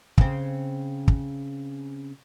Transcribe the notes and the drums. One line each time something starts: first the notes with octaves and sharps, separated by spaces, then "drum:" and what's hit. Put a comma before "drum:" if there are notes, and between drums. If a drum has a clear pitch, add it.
C#3 C4, drum: kick
drum: kick